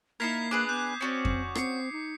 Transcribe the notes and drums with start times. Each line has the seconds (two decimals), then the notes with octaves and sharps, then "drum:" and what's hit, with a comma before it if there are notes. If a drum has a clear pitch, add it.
0.20 A#3 D#4 E4 A#4 G#6 B6 C7
0.51 D4 G#4 B4 D6 D#6
0.69 B3 G6
1.01 C4 C#4 F#4 D5
1.25 drum: kick F2
1.55 C4 C7 C#7, drum: rim click
1.92 D#4